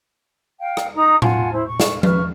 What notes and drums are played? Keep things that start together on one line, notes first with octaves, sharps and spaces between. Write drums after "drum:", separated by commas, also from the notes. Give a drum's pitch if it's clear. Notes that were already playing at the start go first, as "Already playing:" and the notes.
F5 G5
drum: rim click
D#4 A#5 D#6
F4 F#5 G#5 A5, drum: tom A2
E4 C5
C#6
drum: snare
B4 C#6 F6, drum: tom F3